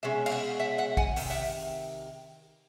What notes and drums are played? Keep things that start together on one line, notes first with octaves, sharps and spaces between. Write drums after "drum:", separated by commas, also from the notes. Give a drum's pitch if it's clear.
B2 G#3 C#4 E5
F5, drum: cymbal
E5 F#5
E5 F#5
E5 F#5
F#5 G#5, drum: kick A#1
C3 D#3, drum: open hi-hat
E5 F#5